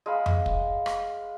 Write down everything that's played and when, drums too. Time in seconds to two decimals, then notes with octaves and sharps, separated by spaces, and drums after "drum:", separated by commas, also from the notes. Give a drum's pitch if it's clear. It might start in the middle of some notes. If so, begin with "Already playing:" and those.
0.06 G#3 F5 B5
0.26 drum: tom F2
0.46 drum: kick
0.86 drum: rim click